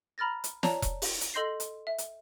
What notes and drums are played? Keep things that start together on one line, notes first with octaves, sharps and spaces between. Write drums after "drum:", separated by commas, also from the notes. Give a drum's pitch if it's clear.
A#5 B5 F6 A6 A#6
drum: hi-hat
C#5 D5 A5 A#5, drum: snare
drum: kick E1, hi-hat
drum: open hi-hat
drum: hi-hat
A4 D#5 C6 G6 A#6 C7
drum: hi-hat
E5
drum: hi-hat